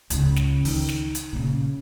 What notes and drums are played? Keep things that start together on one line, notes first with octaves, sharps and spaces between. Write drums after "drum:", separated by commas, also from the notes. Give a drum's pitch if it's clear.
C#2 C#3, drum: hi-hat
drum: snare
D#3, drum: open hi-hat
drum: snare
drum: hi-hat
A#2 C#3